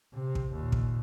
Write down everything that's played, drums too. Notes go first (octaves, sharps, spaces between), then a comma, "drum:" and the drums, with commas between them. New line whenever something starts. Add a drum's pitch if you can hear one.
C3
drum: kick
D#2 A#2
drum: kick